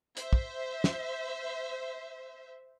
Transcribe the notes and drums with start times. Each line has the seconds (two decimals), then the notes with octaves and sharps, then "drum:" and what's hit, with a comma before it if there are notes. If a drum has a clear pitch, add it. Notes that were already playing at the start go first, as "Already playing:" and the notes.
0.17 C5 E5, drum: hi-hat
0.33 drum: kick
0.84 drum: snare